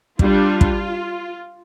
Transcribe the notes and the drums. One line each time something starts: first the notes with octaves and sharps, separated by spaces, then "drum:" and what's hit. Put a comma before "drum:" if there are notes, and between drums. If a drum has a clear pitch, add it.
G3 D4 F4, drum: kick
drum: kick